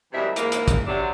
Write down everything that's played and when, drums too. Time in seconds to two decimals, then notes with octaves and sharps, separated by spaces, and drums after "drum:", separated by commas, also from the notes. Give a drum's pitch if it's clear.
0.13 F#2 C3 E3 G3 G#3 E5
0.36 G#2 E3 A#3, drum: hi-hat
0.52 drum: hi-hat
0.68 drum: kick, hi-hat
0.87 C3 F#3 D4